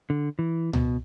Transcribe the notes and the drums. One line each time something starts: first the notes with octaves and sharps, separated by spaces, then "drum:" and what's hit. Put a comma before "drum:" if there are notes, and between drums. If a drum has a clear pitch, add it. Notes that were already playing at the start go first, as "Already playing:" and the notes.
D3
E3
B2, drum: tom C#2